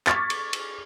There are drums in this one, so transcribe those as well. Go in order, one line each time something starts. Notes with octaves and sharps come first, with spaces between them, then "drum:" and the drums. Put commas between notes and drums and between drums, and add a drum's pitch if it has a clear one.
C#6 D6 F6 G#6 A6 B6, drum: clap
drum: cymbal
drum: cymbal